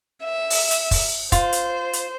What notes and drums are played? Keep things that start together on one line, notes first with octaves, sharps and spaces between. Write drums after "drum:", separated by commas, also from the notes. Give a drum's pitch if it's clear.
E5
drum: open hi-hat
drum: hi-hat
drum: kick, open hi-hat
F4 C5, drum: kick, hi-hat
drum: hi-hat
drum: hi-hat